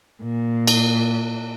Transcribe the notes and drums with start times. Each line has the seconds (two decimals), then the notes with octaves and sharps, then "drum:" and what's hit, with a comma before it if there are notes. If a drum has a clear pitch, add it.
0.22 A#2
0.67 drum: cymbal